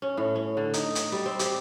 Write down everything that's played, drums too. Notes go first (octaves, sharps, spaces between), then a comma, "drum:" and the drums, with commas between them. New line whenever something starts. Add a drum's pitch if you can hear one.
C#4
A2
C#4
D3
D#4, drum: hi-hat
drum: hi-hat
G3
C4
G4, drum: hi-hat